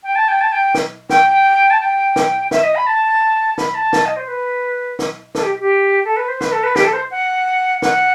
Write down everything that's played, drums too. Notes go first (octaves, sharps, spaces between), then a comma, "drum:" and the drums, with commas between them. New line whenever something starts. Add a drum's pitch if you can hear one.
G5
A5
G5
A5
G5
drum: snare
G5, drum: snare
A5
G5
drum: snare
E5, drum: snare
D#5
B5
A5
B5, drum: snare
A5
drum: snare
D#5
C5
B4
drum: snare
A4, drum: snare
G4
G4
A4
B4
C5
B4, drum: snare
A4
B4
G4, drum: snare
A4
C5
F#5
F#5, drum: snare